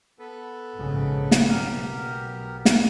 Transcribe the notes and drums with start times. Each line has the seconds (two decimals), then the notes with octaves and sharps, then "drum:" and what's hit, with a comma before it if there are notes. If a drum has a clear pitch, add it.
0.19 B3 A4 B4
0.75 A#1 G#2 C#3
1.31 drum: snare
1.48 B1 B3 G4 A#4
2.65 drum: snare